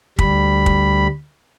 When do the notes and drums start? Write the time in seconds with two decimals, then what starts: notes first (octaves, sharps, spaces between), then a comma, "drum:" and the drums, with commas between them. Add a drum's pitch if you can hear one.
0.19 D2 G3 B5, drum: kick
0.66 drum: kick